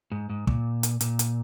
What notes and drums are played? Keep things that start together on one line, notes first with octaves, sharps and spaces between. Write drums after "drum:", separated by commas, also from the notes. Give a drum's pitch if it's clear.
G#2
G#2
A#2, drum: kick
drum: hi-hat
A#2, drum: hi-hat
drum: hi-hat